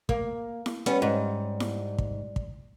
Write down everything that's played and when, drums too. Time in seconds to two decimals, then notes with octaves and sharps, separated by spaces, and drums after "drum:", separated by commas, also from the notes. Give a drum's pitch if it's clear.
0.09 A#3, drum: kick
0.66 drum: snare E4
0.86 G3 B3 C#4, drum: hi-hat
1.02 G#2
1.60 drum: snare E4
1.98 drum: kick
2.36 drum: kick